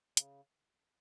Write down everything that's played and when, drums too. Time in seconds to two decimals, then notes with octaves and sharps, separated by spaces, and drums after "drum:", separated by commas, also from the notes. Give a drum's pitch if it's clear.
0.17 C#3, drum: hi-hat